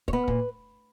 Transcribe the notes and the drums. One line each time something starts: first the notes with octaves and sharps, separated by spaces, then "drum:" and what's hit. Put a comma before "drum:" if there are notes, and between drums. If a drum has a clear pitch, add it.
C#5, drum: kick
B3 B4
A#2, drum: kick